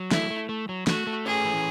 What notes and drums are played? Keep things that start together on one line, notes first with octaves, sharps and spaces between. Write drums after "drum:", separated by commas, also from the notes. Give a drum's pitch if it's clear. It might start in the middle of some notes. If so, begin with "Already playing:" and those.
Already playing: F#3
A3 E4, drum: snare
A3
A3
F#3
A3 F#4, drum: snare
A3
C#4 G#4
E3